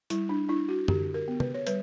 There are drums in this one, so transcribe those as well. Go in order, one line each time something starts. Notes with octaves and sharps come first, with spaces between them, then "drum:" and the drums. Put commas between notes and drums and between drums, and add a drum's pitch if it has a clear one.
G3 E4, drum: hi-hat
D4
D4 E4
F#4
D3 G4, drum: tom F#2
A#4
B3
B4, drum: tom
C#5
G3 B4, drum: hi-hat